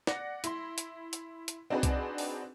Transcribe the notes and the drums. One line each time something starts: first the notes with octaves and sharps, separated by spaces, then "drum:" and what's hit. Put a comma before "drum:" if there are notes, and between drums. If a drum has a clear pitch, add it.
D5 F#5 A#6, drum: snare
E4 C6, drum: hi-hat
drum: hi-hat
drum: hi-hat
drum: hi-hat
C4 D4 D#4 F#4 G#4 B4
drum: kick C2, hi-hat
drum: open hi-hat